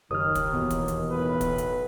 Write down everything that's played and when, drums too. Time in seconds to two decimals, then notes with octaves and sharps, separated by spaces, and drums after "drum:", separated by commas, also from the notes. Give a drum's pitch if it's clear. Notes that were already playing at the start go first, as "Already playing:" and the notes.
0.11 F#1 D#2 D#3 D#6 F6
0.35 drum: kick, hi-hat
0.53 E2 B2
0.70 drum: kick, hi-hat
0.88 drum: hi-hat
1.11 B1 A2 B4
1.41 drum: kick, hi-hat
1.58 drum: hi-hat